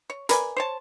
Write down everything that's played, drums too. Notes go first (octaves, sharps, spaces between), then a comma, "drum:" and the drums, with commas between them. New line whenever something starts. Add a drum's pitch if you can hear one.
C#5
A#4 B4 D5 G#5, drum: hi-hat
C5 C#5 A5